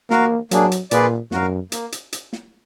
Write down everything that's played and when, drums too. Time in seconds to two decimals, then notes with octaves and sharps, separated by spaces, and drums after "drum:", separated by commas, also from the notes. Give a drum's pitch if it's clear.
0.11 A#3 F#4 A#4 F5, drum: snare
0.51 F#3 A#3 D4 G#4, drum: hi-hat
0.72 drum: hi-hat
0.91 A#2 A#3 F4 G#4 B4 D5, drum: hi-hat
1.31 F#2 F#4 A#4 F5, drum: snare
1.72 A#3, drum: hi-hat
1.92 drum: hi-hat
2.13 drum: hi-hat
2.33 drum: snare